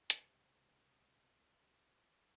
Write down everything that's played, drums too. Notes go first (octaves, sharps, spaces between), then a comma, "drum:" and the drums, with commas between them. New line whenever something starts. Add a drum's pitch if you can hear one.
C#2 C3 C4, drum: hi-hat